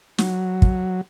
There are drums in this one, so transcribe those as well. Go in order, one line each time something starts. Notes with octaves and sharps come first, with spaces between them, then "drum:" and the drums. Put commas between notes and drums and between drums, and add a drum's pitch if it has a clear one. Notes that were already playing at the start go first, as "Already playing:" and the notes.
F#3, drum: snare
drum: kick